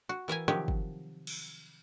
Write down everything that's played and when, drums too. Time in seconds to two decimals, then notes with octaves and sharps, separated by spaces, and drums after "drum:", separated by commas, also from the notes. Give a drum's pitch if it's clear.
0.09 F#4
0.28 E3 A#4 E5 G#5
0.48 C3 D#3 F3 F#3 G4
0.68 drum: kick
1.27 drum: cymbal